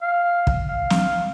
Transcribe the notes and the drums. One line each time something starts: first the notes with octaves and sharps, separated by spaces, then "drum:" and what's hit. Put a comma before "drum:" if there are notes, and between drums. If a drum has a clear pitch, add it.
F5
drum: kick
F5
drum: snare